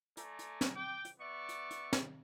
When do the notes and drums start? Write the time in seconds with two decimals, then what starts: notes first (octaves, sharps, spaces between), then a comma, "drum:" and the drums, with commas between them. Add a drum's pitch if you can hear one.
0.17 A3 D5 G#5 A#5, drum: hi-hat
0.39 drum: hi-hat
0.61 drum: snare
0.75 G5 D6
1.05 drum: hi-hat
1.20 B3 D5 E5 C#6
1.49 drum: hi-hat
1.71 drum: hi-hat
1.93 drum: snare